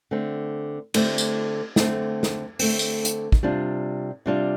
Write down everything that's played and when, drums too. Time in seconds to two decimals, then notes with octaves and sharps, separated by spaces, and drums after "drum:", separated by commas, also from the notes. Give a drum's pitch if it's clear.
0.11 D3 A3 C4
0.94 D3 A3 C4, drum: cymbal
1.18 drum: tambourine
1.76 D3 A3 C4, drum: snare
2.23 drum: snare
2.59 D3 A3 C4, drum: open hi-hat
2.79 drum: tambourine
3.05 drum: hi-hat
3.32 drum: kick
3.43 C3 G3 D4 F4
4.26 C3 G3 D4 F4